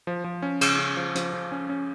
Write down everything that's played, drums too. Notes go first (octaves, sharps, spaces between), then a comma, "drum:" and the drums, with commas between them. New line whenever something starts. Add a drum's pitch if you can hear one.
F3
F3
C#4
C#3, drum: cymbal
C#4
F3
F3, drum: hi-hat
F3
C#4
C#4